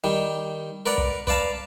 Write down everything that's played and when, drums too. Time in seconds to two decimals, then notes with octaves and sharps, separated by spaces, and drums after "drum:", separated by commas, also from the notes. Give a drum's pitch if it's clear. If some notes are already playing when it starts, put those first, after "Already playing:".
0.04 D#3 G3
0.86 A#4 B4 D5 F#5 A#5
0.98 drum: kick
1.27 B4 D5 F5 A5 A#5, drum: kick